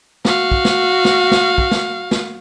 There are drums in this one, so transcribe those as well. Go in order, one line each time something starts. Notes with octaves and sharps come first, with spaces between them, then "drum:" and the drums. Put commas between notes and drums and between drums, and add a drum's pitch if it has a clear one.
F#4 F5, drum: snare
drum: kick
drum: snare
drum: snare
drum: snare
drum: kick
drum: snare
drum: snare